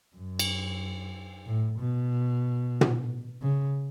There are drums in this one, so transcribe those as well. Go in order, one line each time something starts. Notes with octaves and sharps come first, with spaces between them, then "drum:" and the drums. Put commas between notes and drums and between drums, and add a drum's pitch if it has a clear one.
F#2
drum: cymbal
A2
B2
drum: tom
C#3